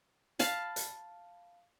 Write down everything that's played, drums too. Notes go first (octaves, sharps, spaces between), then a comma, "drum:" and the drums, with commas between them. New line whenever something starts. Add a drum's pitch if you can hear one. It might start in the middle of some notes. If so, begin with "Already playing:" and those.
F5 A5 B5, drum: hi-hat
drum: hi-hat